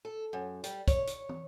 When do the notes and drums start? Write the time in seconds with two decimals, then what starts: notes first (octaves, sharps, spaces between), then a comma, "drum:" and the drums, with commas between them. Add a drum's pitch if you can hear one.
0.05 A4
0.33 F#2
0.64 G3, drum: hi-hat
0.88 C#5, drum: kick, hi-hat
1.07 drum: hi-hat
1.29 drum: tom